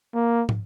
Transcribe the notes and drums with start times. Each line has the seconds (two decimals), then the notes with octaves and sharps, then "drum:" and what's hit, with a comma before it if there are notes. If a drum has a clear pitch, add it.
0.14 A#3
0.49 drum: tom